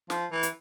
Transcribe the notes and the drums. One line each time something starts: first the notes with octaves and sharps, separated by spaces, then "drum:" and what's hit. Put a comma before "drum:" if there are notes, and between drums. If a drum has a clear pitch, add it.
F3, drum: snare
E3
drum: hi-hat